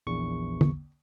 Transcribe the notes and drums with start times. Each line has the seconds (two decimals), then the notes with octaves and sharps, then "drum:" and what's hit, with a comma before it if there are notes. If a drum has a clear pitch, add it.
0.07 A#1 E2 C#6
0.61 drum: tom